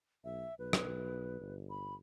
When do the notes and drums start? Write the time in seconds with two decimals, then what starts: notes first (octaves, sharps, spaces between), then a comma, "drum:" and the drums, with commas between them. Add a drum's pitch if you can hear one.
0.25 B1 E5
0.59 B1 B4
0.73 drum: rim click
1.41 G1
1.70 B5